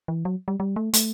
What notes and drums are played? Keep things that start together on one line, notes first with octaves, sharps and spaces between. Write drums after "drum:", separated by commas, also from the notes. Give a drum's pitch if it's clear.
E3
F#3
G3
G3
A3
A3, drum: hi-hat